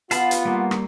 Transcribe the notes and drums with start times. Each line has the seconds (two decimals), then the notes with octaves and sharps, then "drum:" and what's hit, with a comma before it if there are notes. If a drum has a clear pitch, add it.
0.11 B3 F4 F5 F#5 A5 B5, drum: hi-hat
0.31 drum: hi-hat
0.45 G3 A#3
0.71 drum: rim click